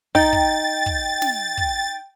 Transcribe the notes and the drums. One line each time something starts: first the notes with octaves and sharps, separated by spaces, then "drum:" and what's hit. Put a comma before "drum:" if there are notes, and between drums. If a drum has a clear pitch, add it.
D#4 G5 A6, drum: kick
drum: kick
drum: kick
drum: snare
drum: kick